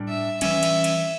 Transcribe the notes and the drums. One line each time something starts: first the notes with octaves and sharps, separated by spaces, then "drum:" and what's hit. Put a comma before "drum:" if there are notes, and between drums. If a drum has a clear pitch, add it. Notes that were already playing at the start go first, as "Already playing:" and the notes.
Already playing: A2 G3 D4
E5
E3 G3 C#4 E5, drum: cymbal
drum: cymbal
drum: cymbal